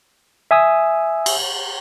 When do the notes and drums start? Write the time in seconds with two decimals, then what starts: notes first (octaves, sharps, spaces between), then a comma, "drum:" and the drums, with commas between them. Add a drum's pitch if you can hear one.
0.51 E5 G#5 D#6 E6
1.26 drum: cymbal